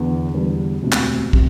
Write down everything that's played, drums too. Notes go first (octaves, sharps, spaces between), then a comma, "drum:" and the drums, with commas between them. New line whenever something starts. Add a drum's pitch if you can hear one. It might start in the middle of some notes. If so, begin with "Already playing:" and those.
Already playing: E2 D3
E2 D3 G3
E1 D2 C3
drum: clap
C3, drum: kick